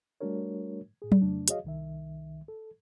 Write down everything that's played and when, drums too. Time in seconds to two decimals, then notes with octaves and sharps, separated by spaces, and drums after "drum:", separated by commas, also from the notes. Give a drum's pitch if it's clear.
0.21 G3 A3 D4 F#4 A#4 C#5
1.02 A2 G#4
1.12 drum: tom F#3
1.22 F2 C#3 A3 D4
1.48 F#4 G#4 C#5 D#5 F5, drum: hi-hat
1.64 C2 D#3 E5
2.48 A4